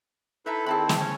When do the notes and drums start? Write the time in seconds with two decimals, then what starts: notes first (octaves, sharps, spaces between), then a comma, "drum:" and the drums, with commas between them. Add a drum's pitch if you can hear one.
0.46 D#4 E4 A4 B4 E5 A#5
0.66 D#3 C4 E4 G#4 A5 B5
0.89 drum: snare
1.00 C#4 C#5